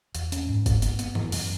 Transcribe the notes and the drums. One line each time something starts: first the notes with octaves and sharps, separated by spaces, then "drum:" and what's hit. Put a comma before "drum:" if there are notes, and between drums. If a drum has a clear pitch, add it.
E2, drum: hi-hat
C#4, drum: hi-hat
G#2
G#2, drum: kick, hi-hat
B3, drum: hi-hat
B3, drum: hi-hat
E3, drum: tom F#2
F#2, drum: open hi-hat